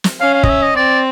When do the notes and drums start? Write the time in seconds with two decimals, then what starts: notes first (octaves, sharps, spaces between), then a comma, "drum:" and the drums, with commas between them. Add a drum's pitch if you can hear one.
0.04 drum: snare
0.21 C#4 F5
0.34 F5
0.43 D#5, drum: kick
0.49 E5
0.62 D#5
0.76 C4 D5